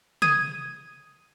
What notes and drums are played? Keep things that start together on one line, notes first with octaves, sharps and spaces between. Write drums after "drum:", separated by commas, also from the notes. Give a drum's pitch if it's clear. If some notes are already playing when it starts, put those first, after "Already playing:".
D#6 G#6 D#7, drum: tom